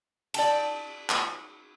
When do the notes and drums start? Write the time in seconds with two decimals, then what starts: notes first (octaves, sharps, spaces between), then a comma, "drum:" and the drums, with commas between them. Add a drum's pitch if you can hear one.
0.34 D5 G5 A5, drum: cymbal
1.10 drum: clap